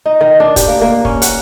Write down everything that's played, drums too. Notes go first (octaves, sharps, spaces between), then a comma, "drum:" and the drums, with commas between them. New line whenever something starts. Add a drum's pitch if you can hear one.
D#4
D#3
D4
G4, drum: kick, hi-hat
A#3
A#3
C#4, drum: kick
F#5, drum: hi-hat